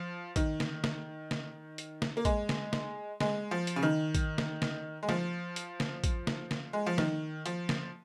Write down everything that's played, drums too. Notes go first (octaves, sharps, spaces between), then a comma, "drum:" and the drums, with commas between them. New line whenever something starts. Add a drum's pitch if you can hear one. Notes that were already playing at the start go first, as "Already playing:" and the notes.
Already playing: F3
D#3, drum: kick A1, hi-hat
drum: snare
drum: snare
drum: snare
drum: hi-hat
drum: snare
A#3
G#3, drum: kick A1, hi-hat
drum: snare
drum: snare
G#3, drum: snare
F3
drum: hi-hat
C#3
D#3
drum: kick A1, hi-hat
drum: snare
drum: snare
G#3
F3, drum: snare
drum: hi-hat
drum: snare
drum: kick A1, hi-hat
drum: snare
drum: snare
G#3
F3
D#3, drum: snare
F3, drum: hi-hat
drum: snare